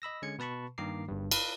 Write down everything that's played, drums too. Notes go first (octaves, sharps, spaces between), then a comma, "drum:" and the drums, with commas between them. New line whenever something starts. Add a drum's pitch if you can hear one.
D#5 B5 E6 A#6
D3 G#3 C#4 G#6 C#7
B2 B4 A5 B5 C#6
G2 D#3 A#3 A#5 D6 C7
G1 G2
B4 F5 B5, drum: cymbal